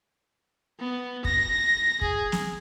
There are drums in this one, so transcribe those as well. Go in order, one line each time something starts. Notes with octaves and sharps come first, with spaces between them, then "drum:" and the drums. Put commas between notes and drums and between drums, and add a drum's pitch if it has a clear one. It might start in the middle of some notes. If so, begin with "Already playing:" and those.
B3
A#6, drum: kick
G#4, drum: kick
drum: snare